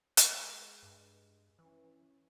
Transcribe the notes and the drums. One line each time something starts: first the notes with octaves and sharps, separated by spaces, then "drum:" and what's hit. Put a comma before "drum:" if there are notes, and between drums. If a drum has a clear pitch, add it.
G#3, drum: hi-hat
G2
E3 C#4 E4